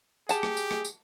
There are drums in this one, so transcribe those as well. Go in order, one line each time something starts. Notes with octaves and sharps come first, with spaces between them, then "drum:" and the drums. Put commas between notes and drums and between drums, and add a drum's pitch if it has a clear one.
G4 G#4 F#5 A5, drum: tambourine
drum: rim click
drum: tambourine
drum: rim click
drum: tambourine